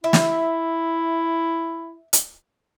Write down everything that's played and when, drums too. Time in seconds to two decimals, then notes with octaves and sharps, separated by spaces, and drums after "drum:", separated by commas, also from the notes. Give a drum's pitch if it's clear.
0.04 E4 E5
0.13 drum: snare
2.13 drum: hi-hat